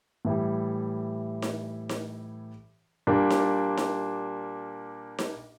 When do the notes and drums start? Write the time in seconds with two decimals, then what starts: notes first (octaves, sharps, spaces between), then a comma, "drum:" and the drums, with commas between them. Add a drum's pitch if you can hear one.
0.25 A2 E3 G3
1.42 drum: snare D#4
1.89 drum: snare D#4
3.07 A#2 G3 A#3 D4
3.30 drum: snare D#4
3.77 drum: snare D#4
5.19 drum: snare D#4